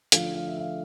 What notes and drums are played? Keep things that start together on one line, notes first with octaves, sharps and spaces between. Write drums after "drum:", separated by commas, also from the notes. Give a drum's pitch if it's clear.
D3 F3 A3 F5, drum: hi-hat
F5
E5
F5